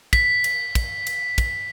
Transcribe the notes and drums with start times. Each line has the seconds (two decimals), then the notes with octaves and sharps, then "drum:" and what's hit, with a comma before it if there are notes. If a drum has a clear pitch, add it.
0.13 B6, drum: kick, cymbal
0.44 drum: cymbal
0.75 drum: kick, cymbal
1.07 drum: cymbal
1.38 drum: kick, cymbal